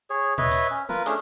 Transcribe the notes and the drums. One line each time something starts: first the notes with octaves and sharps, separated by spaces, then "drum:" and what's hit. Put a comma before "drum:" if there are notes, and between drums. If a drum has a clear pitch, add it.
G#4 C#5
B4 C#5 D#5 E5, drum: tom A#2
drum: hi-hat
C#4
F4 A#4 B4, drum: snare
A3 C#4 D4 G#4, drum: hi-hat